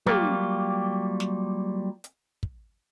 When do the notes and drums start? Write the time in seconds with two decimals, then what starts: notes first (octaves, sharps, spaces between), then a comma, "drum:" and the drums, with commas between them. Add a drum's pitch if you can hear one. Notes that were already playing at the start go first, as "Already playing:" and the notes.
0.06 F#3 G3 A#3 F4 G4, drum: tom
1.20 drum: snare
2.04 drum: hi-hat
2.43 drum: kick